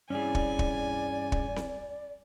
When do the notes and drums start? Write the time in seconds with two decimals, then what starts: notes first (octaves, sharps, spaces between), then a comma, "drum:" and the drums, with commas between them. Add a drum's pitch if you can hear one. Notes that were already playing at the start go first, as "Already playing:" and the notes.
0.10 G2 E3 C#4 G#4 D5 G#5
0.35 drum: kick
0.59 drum: kick
1.32 drum: kick
1.56 drum: snare C4